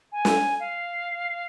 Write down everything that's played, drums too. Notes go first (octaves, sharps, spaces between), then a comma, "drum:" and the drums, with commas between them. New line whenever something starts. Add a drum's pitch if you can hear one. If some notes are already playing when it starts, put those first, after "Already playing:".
G#5
drum: snare
F5